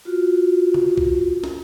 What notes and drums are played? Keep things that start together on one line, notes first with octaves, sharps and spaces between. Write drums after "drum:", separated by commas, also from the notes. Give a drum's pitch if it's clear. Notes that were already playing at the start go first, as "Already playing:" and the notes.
F4 F#4
drum: tom C3
drum: kick
drum: snare